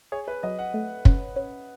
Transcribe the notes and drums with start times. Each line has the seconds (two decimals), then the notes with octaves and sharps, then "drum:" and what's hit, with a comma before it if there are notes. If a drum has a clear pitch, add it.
0.12 G#4 C#5
0.28 B4
0.43 F#3 D#5
0.59 F#5
0.74 A3
1.05 C#4, drum: kick
1.36 C#4